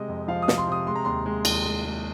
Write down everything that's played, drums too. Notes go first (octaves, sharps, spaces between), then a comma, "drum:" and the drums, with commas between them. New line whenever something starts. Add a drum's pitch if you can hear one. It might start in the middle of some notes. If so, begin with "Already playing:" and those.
Already playing: C3 G#3 D#5
F2
F3 F5
D#6
C3, drum: snare
C6
C3 D#6
G#3 C6
A#5
D#2 C6
G#3
D#2, drum: cymbal
G#3
G#3